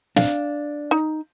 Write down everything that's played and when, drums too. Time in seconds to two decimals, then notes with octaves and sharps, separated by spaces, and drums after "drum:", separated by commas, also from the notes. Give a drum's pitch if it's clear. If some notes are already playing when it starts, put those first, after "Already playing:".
0.16 D4 F5, drum: snare
0.91 D#4